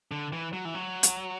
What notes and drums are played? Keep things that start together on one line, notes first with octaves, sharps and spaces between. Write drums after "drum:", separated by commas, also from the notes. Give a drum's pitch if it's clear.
D3
E3
F#3
E3
F#3
drum: hi-hat